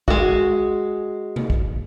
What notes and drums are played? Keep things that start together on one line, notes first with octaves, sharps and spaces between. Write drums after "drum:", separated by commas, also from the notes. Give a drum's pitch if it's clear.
G#3 F#4, drum: kick
drum: tom C3
drum: kick